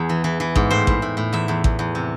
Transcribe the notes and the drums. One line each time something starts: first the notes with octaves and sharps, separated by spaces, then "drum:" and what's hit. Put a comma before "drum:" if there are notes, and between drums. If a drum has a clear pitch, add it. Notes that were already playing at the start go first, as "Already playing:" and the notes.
Already playing: E2 G#4
E3
E3
E3
G#2, drum: kick A1
A2 C5
A2, drum: kick A1
A2
A2
E2 E5
E2
E2, drum: kick A1
E2
C3